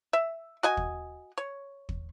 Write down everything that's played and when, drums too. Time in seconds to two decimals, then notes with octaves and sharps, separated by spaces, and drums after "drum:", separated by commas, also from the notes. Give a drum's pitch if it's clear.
0.13 E5
0.63 F#4 D#5 G#5
0.77 drum: kick
1.38 C#5
1.89 drum: kick